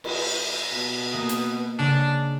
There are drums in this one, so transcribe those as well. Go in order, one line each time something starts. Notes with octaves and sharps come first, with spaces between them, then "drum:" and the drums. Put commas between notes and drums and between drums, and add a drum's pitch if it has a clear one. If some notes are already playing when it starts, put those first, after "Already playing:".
drum: cymbal
B2
A#3 D#5 D#6
drum: hi-hat
C#3 G#3 D4